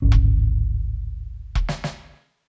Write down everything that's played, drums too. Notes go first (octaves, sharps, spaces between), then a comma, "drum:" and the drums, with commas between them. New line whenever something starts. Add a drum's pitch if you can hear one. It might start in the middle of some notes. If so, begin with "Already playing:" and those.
D1 G#1 C#4
drum: kick E1
drum: kick E1
drum: snare
drum: snare